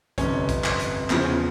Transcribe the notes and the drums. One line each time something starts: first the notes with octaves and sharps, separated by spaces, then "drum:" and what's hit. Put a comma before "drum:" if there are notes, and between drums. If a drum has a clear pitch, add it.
G1 F2 C3 C#4 C#5, drum: kick, hi-hat
drum: kick, hi-hat
drum: clap
drum: hi-hat
E2 C#3 F3, drum: clap
C5
C#4 C#5